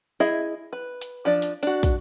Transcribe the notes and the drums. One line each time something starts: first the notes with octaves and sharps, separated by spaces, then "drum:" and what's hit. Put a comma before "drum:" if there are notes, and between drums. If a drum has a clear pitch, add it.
E4 G#4 D#5 E5
B4
drum: hi-hat
F3 D4 D5
drum: hi-hat
D4 F#4, drum: hi-hat
drum: kick, hi-hat